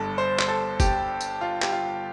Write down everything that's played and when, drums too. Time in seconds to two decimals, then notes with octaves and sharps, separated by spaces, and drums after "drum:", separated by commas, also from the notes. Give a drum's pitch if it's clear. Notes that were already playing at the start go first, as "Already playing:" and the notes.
Already playing: G1 G2 D3 A4
0.18 C5
0.39 C5, drum: clap
0.48 A4
0.80 G4, drum: kick, tambourine
1.21 drum: tambourine
1.41 F4
1.62 G4, drum: clap
1.72 F4